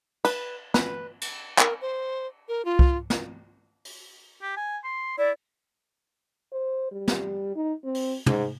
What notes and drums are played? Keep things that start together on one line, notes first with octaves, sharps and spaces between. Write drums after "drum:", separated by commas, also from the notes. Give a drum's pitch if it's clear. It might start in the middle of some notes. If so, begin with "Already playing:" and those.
B4, drum: cymbal
B4, drum: snare
drum: cymbal
A#4, drum: clap
C5
A#4
F4
drum: kick C2
drum: snare
drum: open hi-hat
G4
G#5
C6
E4 D5
C5
G3
drum: snare
D#4
C4
drum: open hi-hat
G#2, drum: tom